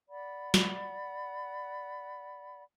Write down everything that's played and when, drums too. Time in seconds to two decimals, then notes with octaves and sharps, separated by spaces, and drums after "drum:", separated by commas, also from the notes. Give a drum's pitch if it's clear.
0.09 D5 F#5 B5
0.54 drum: snare